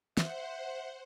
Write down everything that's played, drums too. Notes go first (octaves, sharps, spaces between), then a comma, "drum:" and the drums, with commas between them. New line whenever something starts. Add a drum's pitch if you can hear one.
C5 E5 F#5, drum: snare